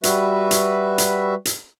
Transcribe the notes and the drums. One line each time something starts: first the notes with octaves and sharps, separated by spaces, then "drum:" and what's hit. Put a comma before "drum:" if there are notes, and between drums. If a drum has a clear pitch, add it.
G3 F#4 B4 E5, drum: hi-hat
drum: hi-hat
drum: hi-hat
drum: hi-hat